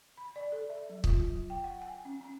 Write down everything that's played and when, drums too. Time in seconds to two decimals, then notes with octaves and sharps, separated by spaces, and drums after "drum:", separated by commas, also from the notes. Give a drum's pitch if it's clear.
0.17 B5
0.36 D5
0.52 A4
0.70 E5
0.90 F#3
1.04 F4, drum: kick
1.23 F#3
1.50 G5
1.64 F#5
1.82 G#5
2.05 C#4
2.21 C#4